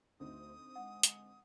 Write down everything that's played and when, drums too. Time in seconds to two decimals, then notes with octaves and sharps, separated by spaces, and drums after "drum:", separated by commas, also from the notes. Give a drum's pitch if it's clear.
0.20 D2 D3 C4 D#4 D#6
0.76 G#3 F#5
1.03 drum: hi-hat